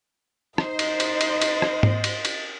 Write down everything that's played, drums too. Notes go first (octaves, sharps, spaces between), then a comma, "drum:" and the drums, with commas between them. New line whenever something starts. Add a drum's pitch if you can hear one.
D#4 C5 D#5, drum: rim click
drum: cymbal
drum: cymbal
drum: cymbal
drum: cymbal
drum: rim click
drum: tom G#2
drum: cymbal
drum: cymbal